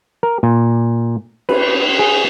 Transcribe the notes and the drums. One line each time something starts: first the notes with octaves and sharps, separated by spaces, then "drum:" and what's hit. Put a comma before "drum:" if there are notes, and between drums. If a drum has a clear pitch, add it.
A#4
A#2
B4, drum: cymbal
G#4